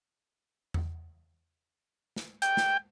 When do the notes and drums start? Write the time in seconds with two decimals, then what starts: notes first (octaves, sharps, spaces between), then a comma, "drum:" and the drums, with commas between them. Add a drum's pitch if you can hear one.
0.74 drum: tom E2
2.16 drum: snare
2.42 G5, drum: hi-hat
2.57 drum: snare